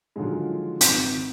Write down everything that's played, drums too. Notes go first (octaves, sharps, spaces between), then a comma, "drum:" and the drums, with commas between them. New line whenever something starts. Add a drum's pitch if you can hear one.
D3 D#3 F3 F#3 G#3
G#1 D#3 G6, drum: hi-hat